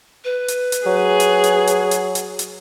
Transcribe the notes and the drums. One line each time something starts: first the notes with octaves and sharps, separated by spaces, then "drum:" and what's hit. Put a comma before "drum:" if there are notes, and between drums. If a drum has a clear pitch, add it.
B4
drum: hi-hat
drum: hi-hat
F#3 G#4
drum: hi-hat
drum: hi-hat
drum: hi-hat
drum: hi-hat
drum: hi-hat
drum: hi-hat